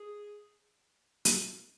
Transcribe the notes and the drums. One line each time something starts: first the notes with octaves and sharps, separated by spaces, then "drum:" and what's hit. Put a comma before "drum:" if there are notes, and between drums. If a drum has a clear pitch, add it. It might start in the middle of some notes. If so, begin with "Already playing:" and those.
Already playing: G#4
drum: hi-hat